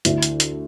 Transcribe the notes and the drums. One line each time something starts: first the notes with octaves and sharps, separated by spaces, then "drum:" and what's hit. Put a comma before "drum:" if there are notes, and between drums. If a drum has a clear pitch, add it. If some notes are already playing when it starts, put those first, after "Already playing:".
D2 D3 E4, drum: hi-hat
drum: hi-hat
drum: hi-hat